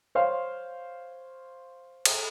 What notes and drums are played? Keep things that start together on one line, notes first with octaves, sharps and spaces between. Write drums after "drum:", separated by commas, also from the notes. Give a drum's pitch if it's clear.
C5 C#5 F5 C6
drum: cymbal